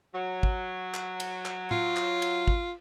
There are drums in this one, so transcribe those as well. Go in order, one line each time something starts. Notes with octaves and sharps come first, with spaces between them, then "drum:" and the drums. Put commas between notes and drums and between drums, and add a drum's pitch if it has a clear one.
F#3
drum: kick
drum: clap
drum: cymbal
drum: clap
F4, drum: tom
drum: clap
drum: cymbal
drum: kick